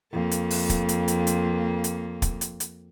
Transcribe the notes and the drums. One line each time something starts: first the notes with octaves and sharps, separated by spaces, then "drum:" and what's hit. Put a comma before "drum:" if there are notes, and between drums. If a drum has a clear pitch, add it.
F2 A#3
drum: hi-hat
drum: open hi-hat
drum: kick, hi-hat
drum: hi-hat
drum: hi-hat
drum: hi-hat
drum: hi-hat
drum: kick, hi-hat
drum: hi-hat
drum: hi-hat